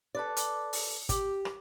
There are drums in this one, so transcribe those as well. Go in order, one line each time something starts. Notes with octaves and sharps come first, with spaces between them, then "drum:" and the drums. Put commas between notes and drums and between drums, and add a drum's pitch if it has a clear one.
A4 B4 D5
drum: hi-hat
drum: open hi-hat
G4, drum: kick, hi-hat
drum: rim click